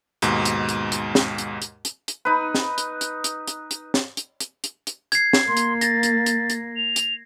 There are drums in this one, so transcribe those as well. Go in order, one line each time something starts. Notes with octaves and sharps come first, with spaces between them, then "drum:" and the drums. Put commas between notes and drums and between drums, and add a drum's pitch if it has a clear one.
D#2 G#2 B2, drum: hi-hat
drum: hi-hat
drum: hi-hat
drum: hi-hat
drum: snare
drum: hi-hat
drum: hi-hat
drum: hi-hat
drum: hi-hat
D#4 B4
drum: snare
drum: hi-hat
drum: hi-hat
drum: hi-hat
drum: hi-hat
drum: hi-hat
drum: snare
drum: hi-hat
drum: hi-hat
drum: hi-hat
drum: hi-hat
G#6 C7, drum: hi-hat
drum: snare
A#3 C6
drum: hi-hat
A6 A#6, drum: hi-hat
drum: hi-hat
drum: hi-hat
drum: hi-hat
F7
drum: hi-hat